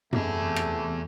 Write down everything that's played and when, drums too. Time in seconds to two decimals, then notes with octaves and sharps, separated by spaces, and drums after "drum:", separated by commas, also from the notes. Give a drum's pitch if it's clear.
0.13 E2 C3 A3 G#4, drum: tom F#2
0.56 drum: rim click